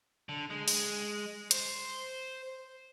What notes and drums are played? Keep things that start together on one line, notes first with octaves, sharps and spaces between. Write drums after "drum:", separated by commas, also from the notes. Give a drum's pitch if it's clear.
D3
G#3
drum: open hi-hat
C5, drum: hi-hat